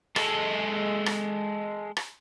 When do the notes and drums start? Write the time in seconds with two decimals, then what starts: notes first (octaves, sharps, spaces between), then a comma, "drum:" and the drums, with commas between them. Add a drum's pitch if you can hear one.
0.16 G#3 A4, drum: rim click
1.06 drum: rim click
1.97 drum: rim click